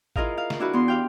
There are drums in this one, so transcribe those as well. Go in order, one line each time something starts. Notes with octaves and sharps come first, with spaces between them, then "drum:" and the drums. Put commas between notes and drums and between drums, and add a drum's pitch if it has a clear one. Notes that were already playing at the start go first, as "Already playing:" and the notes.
E4 F4 G#4 A#4 D#5 F5, drum: kick
F5
drum: snare
D4 E4 F#4 B4
E2 B3 C6
G4 F5 G5